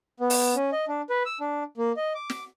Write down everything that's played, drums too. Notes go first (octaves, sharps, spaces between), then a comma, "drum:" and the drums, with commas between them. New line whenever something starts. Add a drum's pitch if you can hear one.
B3
drum: open hi-hat
C#4
D#5
D4
B4
E6
D4
A#3
D#5
D6
drum: snare